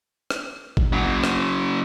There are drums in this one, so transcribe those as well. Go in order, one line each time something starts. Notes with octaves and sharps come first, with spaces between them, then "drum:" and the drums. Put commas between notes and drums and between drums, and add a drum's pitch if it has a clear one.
drum: rim click
drum: kick
C#3 F#3
drum: rim click